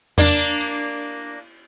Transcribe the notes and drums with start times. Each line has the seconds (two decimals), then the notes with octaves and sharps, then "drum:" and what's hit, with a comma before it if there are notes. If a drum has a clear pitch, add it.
0.18 A#3 D4, drum: tom E2
0.61 drum: cymbal